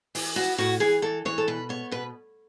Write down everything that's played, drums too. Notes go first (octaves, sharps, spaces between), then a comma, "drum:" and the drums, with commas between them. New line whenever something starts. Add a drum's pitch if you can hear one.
E3, drum: open hi-hat
E4 F#4
A2 F#4
E3 G#4
E3 A4
E3 C#5
A4
B2 B4
B3 C#5
B2 B4